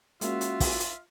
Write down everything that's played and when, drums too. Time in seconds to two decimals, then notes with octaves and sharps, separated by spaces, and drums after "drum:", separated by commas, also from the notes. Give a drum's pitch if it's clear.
0.21 G#3 A#3 C#4 F4 F#4 E5, drum: hi-hat
0.41 drum: hi-hat
0.60 drum: kick, open hi-hat
0.80 drum: hi-hat